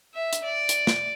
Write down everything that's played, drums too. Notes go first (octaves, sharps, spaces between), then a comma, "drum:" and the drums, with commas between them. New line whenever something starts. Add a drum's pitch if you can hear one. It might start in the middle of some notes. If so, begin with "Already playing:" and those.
E5
drum: hi-hat
D5
drum: hi-hat
drum: snare